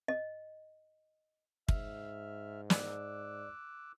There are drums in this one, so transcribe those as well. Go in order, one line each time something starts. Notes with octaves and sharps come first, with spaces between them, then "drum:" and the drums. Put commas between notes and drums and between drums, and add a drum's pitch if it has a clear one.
D#5
G#2 E5 F6, drum: kick
D5 D6 E6 F#6, drum: snare